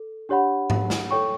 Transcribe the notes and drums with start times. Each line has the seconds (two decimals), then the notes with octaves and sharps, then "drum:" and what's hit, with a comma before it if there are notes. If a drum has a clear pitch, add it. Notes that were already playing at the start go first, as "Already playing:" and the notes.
Already playing: A4
0.29 D4 G4 C#5 F#5 B5
0.70 drum: tom G#2
0.90 drum: snare
1.11 A4 C#5 G5 C#6